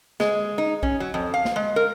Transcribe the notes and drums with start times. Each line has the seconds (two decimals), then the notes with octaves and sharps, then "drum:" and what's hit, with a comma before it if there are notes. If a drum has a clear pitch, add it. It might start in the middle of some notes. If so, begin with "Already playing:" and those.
0.20 G#3, drum: snare
0.58 D#4
0.83 C#4, drum: kick B1
1.00 F#3
1.14 F2
1.34 F5
1.45 drum: snare
1.56 G#3
1.76 A#4